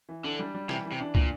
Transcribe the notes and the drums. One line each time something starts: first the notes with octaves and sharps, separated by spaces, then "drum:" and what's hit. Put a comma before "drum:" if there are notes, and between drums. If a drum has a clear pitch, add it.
E3
D3 D4
G3
G3
C3 E3, drum: rim click
E3
C3
D4
A#2, drum: kick